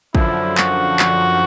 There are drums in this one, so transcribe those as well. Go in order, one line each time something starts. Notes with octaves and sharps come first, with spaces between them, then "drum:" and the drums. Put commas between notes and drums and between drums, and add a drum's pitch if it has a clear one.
F#2 D3 F3 E4, drum: kick
F#4, drum: clap
drum: clap